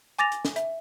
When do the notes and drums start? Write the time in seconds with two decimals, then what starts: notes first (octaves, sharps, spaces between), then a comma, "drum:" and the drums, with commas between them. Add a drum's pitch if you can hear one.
0.19 G#5 D6 A6 A#6 F7
0.32 drum: hi-hat
0.45 drum: snare
0.56 E5, drum: hi-hat